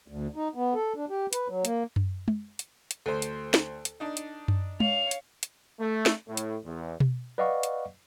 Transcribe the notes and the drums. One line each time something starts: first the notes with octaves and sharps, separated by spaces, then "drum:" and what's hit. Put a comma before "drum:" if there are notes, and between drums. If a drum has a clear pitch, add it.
D2
D#4
B3
A4
D4
G4
B4, drum: hi-hat
F#3
A#3, drum: hi-hat
drum: tom F#2
drum: tom G#3
drum: hi-hat
drum: hi-hat
D2 A4 C5
drum: hi-hat
drum: snare
drum: hi-hat
D4 D#4
drum: hi-hat
drum: tom F#2
C#5 F5 F7, drum: tom G#3
drum: hi-hat
drum: hi-hat
A3
drum: snare
A2
drum: hi-hat
E2
drum: tom B2
B4 D5 D#5 F5 F#5 C#6
drum: hi-hat